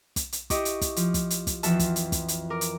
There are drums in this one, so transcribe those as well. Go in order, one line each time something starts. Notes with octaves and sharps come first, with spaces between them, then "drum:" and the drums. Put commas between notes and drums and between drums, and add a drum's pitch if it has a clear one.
drum: kick, hi-hat
drum: hi-hat
E4 G4 D#5 C#6 D6, drum: kick, hi-hat
drum: hi-hat
drum: kick, hi-hat
F3, drum: hi-hat
drum: kick, hi-hat
drum: hi-hat
drum: kick, hi-hat
F2 E3 F3 F#4 E5 A5, drum: hi-hat
drum: kick, hi-hat
drum: hi-hat
drum: kick, hi-hat
drum: hi-hat
A#4 D6
drum: hi-hat